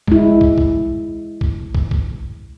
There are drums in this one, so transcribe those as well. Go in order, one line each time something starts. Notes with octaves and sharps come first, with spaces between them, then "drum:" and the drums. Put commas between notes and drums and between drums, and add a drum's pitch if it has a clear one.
G#3 E4, drum: kick
drum: kick
drum: kick
drum: kick
drum: kick
drum: kick